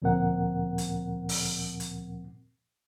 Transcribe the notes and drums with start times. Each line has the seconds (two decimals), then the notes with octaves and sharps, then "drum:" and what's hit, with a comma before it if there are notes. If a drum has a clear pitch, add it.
0.02 D2 A#2 F3 C4 A#4 F#5
0.78 drum: hi-hat
1.29 drum: open hi-hat
1.80 drum: hi-hat